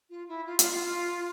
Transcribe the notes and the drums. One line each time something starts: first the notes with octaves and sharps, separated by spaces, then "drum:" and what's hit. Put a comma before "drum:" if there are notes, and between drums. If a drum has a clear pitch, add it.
F4
E4
F4
F4, drum: hi-hat
F4